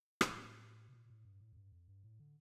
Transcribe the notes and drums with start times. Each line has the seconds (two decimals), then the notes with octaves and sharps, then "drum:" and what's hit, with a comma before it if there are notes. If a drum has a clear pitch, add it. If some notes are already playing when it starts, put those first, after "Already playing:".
0.21 A#2, drum: rim click
0.31 A2
0.88 C3
0.94 A#2
1.05 A#2
1.10 A2
1.25 G2
1.40 A2
1.53 F2
1.57 G2
1.72 F2
1.88 G2
2.03 A2
2.19 D3